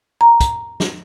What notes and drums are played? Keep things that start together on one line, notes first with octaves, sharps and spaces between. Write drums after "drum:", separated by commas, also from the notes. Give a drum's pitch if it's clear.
A#5
drum: kick, hi-hat
drum: snare